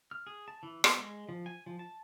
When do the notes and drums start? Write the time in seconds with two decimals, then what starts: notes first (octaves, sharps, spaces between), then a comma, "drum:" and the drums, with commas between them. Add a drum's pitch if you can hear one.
0.11 F6
0.27 G#4
0.48 A5
0.63 E3
0.84 B3, drum: rim click
0.97 G#3
1.29 F3
1.46 G#5
1.66 F3
1.79 A5